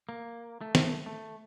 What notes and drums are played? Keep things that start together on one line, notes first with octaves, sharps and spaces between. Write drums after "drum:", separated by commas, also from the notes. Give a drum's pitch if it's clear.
A#3
A3
drum: snare
A3